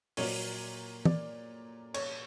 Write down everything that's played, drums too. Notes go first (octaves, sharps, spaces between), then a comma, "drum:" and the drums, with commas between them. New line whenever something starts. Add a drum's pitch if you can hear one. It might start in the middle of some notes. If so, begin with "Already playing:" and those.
A#2 F#3 A#3 C#5, drum: open hi-hat
D5, drum: tom
C#5, drum: cymbal